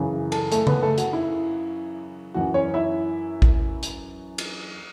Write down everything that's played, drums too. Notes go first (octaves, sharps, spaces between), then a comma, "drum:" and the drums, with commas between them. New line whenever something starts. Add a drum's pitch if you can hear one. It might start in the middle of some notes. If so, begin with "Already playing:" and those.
Already playing: F#2 C#3 E3
A4 A5, drum: cymbal
A3 A4, drum: hi-hat
B3 B4, drum: tom C#3
A3 A4
F#4, drum: hi-hat
E4
F#2 E3 F#4
C#4 C#5
E4 E5
drum: kick A1
drum: hi-hat
drum: cymbal